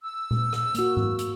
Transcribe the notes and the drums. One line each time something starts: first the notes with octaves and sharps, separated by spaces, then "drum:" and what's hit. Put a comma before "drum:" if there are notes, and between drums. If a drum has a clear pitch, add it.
E6
drum: tom A#2
drum: rim click
A#3 F#4, drum: hi-hat
drum: tom G#2
drum: hi-hat